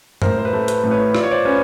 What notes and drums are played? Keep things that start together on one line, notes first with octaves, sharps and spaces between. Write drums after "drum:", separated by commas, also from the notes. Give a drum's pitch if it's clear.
A2 A#4 C5, drum: tom F#2
C5
B4
A3
B4, drum: hi-hat
A2
B4 C#5
F4 D5, drum: rim click
C#5
C5 D5
C#4 B4 C#5